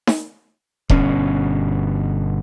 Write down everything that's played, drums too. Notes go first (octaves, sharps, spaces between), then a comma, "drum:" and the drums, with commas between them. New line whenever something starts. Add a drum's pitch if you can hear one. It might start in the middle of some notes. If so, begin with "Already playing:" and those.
drum: snare D#4
G1 B2 C#4, drum: kick D#1